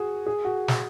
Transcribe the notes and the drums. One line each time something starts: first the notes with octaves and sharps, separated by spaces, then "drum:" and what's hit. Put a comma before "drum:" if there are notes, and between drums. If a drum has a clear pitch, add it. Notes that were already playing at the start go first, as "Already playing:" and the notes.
Already playing: F#4 G#4
G#4
F#4
drum: snare